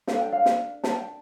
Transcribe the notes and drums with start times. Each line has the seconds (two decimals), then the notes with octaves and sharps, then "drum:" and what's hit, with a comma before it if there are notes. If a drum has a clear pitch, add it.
0.07 D4 A4 F5, drum: snare
0.21 G5
0.33 F5
0.45 drum: snare
0.84 A5, drum: snare
0.95 G5